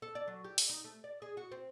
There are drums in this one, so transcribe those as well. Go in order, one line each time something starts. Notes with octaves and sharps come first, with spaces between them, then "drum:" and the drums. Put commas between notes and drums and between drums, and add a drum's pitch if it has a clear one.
A4
D5
F#3
G4
drum: open hi-hat
D#4
A3
D5
G#4
F#4
C4